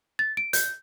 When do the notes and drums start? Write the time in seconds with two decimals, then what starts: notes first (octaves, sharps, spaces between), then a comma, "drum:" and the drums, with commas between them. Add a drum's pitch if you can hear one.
0.19 A6
0.37 D7
0.53 G6, drum: hi-hat